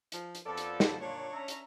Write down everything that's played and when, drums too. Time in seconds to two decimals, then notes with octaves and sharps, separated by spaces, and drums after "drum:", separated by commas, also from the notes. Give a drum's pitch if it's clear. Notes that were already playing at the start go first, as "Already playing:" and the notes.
0.12 F3, drum: hi-hat
0.35 drum: hi-hat
0.46 F2 F3 B3 A4 D5
0.57 drum: hi-hat
0.80 drum: snare
0.99 A#2 D4 C#5
1.31 C#4 E5 A#5
1.48 drum: hi-hat